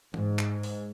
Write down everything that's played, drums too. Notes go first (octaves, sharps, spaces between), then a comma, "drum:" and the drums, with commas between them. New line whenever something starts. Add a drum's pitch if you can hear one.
G#2, drum: tom E3
drum: clap
drum: open hi-hat